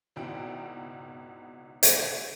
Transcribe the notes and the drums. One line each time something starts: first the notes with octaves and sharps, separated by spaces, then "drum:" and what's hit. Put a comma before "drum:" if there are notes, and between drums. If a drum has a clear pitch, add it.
G#1 C#2 B2 E4 G5 D7
drum: hi-hat